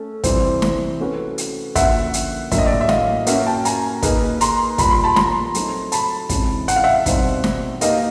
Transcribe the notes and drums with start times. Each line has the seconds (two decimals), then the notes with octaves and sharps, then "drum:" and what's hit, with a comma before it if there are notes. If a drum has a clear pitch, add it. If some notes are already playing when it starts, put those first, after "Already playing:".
Already playing: A3 C#4 A4
0.24 C3 E3 G3 C4, drum: kick, hi-hat
0.62 drum: snare
1.00 A3 C#4 F#4 B4
1.38 drum: hi-hat
1.76 D3 F3 A#3 C#4 F4 E5 F#5, drum: kick, hi-hat
2.14 drum: hi-hat
2.52 A2 F#3 A#3 D4 E5, drum: kick, hi-hat
2.58 D#5
2.66 D5 E5
2.81 E5
2.89 D#5 F5, drum: snare
3.27 A#3 C#4 F#4 A#4 E5 F#5, drum: hi-hat
3.46 G5 A5
3.65 G#5 A#5, drum: hi-hat
4.03 A#3 D#4 G#4 B4, drum: kick, hi-hat
4.41 A#5 C6, drum: hi-hat
4.78 A#2 G3 A#3 B5, drum: kick, hi-hat
4.91 C6
5.04 A5 B5
5.16 A#5 C6, drum: snare
5.54 F#3 A3 C4 D#4, drum: hi-hat
5.92 A5 B5, drum: hi-hat
6.29 C3 E3 G#3 C#4, drum: kick, hi-hat
6.68 F#5, drum: hi-hat
6.76 F5
6.84 E5 F#5
7.06 B2 G3 C4 D#4, drum: kick, hi-hat
7.44 drum: snare
7.81 A#3 D#4 G4 A#4 D#5 F5, drum: hi-hat